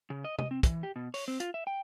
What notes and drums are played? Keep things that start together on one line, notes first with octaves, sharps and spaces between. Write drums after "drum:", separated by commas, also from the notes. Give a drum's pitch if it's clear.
C#3
D#5
D#5, drum: tom
C4
E3, drum: kick, hi-hat
G4
B2
C#5, drum: open hi-hat
C4
F4, drum: hi-hat
E5
G5